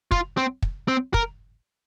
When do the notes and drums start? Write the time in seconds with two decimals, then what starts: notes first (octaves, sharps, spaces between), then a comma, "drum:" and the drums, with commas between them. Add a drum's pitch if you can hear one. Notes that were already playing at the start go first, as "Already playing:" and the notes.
0.11 F4, drum: kick
0.37 C4
0.62 drum: kick
0.88 C4
1.14 A#4, drum: kick